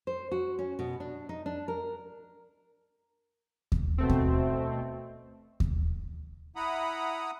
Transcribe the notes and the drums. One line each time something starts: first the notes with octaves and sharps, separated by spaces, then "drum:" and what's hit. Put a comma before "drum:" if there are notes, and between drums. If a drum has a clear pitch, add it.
C5
F#4
C#4
B2
D4
D#4
D4
A#4
drum: kick D#2
B2 A3 C4
drum: kick D#2
drum: kick D#2
E4 F#5 A#5 B5 D#6